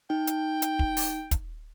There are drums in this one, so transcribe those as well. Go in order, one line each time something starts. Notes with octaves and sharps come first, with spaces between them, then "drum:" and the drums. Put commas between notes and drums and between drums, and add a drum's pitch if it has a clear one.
D#4 G5
drum: hi-hat
drum: hi-hat
drum: kick
drum: open hi-hat
drum: kick, hi-hat